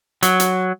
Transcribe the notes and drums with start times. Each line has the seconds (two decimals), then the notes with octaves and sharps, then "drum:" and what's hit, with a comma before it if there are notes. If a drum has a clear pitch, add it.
0.23 F#3, drum: hi-hat
0.40 drum: hi-hat